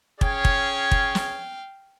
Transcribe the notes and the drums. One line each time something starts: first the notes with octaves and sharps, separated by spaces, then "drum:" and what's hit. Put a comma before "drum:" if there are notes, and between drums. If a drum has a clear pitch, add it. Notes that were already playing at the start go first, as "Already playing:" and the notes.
C#4 G#4 C#5 F5 G5, drum: kick
drum: kick
drum: kick
drum: snare